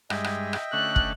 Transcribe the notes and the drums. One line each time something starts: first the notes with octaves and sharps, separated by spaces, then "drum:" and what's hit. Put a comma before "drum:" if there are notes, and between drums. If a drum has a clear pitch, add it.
G2 G#3 D#5 E5 G5, drum: rim click
drum: rim click
drum: rim click
D3 A3 C#4 F#6
drum: kick